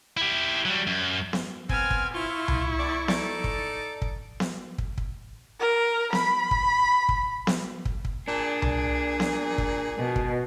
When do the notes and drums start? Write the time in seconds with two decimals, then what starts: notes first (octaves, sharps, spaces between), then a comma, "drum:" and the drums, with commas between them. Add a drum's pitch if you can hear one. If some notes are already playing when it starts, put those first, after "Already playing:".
0.17 E4 G4
0.65 F#3 G3
0.87 F#2
1.33 drum: snare B3
1.69 B3 C4 G#5 F6, drum: kick
1.91 drum: kick
2.14 E4 F4 C#6
2.48 drum: tom C2
2.79 E2 D5
3.08 D#4 A4 D5, drum: snare B3
3.44 drum: kick
4.02 drum: kick
4.40 drum: snare B3
4.78 drum: kick
4.98 drum: kick
5.60 A#4
6.13 B5, drum: snare B3
6.51 drum: kick
7.09 drum: kick
7.47 drum: snare B3
7.85 drum: kick
8.05 drum: kick
8.28 A#2 D4 G#4
8.62 drum: tom C2
9.20 drum: snare B3
9.58 drum: kick
9.98 B2
10.16 drum: kick